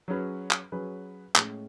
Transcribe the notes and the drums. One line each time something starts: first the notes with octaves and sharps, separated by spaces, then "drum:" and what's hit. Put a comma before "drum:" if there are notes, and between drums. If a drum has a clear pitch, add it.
F#3 C#4 G#4 B4
drum: clap
F#3 C#4 G#4 B4
A2 G#3 C#4, drum: clap